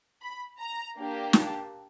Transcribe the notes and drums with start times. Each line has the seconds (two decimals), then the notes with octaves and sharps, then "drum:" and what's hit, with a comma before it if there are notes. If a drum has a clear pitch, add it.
0.22 B5
0.59 A#5
0.96 A#3 D4 G4
1.33 A5, drum: snare